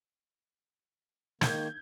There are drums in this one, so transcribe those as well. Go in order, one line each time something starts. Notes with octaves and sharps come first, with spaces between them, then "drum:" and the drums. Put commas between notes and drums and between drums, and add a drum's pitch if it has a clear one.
D#3 A#3 G6 G#6, drum: snare